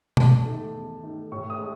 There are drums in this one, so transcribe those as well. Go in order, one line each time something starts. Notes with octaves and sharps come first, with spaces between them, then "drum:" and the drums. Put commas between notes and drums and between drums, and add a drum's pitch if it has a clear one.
E2 A5, drum: tom B2
D#3 A3
E2
D#3 A3
A2 C#6
D#6
G#3